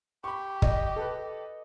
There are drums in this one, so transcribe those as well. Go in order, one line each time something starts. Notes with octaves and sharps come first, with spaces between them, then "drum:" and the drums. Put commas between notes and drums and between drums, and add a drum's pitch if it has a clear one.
G4 B5 C#6
D#5, drum: kick
A4 B4